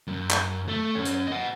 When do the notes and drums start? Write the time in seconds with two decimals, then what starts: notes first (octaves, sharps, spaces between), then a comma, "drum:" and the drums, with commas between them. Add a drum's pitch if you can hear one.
0.07 F#2
0.31 drum: clap
0.68 A3
0.95 F#2 C#4
1.05 drum: hi-hat
1.28 D#5 F#5